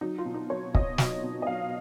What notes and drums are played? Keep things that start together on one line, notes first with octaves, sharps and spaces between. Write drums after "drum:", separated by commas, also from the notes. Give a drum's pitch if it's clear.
F#3 D#4
F4
B2
D#4
F#3 C#5
B2 D#5, drum: kick
F#3, drum: snare
B2
D#5
F#3 F5